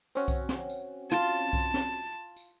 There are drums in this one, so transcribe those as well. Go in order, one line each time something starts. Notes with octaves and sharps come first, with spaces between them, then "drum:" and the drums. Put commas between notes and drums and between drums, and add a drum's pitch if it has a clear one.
C4 C#4 F#4
drum: kick B1, tambourine
drum: snare
drum: tambourine
F4 A5, drum: tambourine
drum: kick B1, tambourine
drum: snare
drum: tambourine